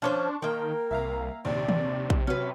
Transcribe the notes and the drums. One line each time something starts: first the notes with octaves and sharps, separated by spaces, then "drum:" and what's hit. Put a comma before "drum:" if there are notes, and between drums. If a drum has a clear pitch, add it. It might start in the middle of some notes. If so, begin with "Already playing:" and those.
F3 C#4 D4 C5 A5 C6 C#6
D#3 A#3 A#4 G5
C2 E5 F5 A#5
A#1 D#2 C3 D5
drum: tom D#3
drum: kick
F#3 C#4 F#4 B4